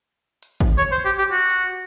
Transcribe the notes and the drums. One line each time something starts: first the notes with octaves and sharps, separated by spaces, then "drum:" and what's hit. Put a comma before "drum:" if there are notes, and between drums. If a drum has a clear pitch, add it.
drum: hi-hat
drum: kick G#1
C#5, drum: hi-hat
C5
G4
G4
F#4
drum: hi-hat